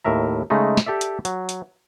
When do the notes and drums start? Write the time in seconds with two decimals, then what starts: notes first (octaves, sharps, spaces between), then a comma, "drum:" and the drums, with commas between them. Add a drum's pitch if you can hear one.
0.05 D#2 A2 A#4 E5 A#5
0.50 C#3 G#3 A3 D#4
0.77 drum: snare
0.86 G4 A4 D5 E5
1.01 drum: hi-hat
1.25 F#3, drum: hi-hat
1.49 drum: hi-hat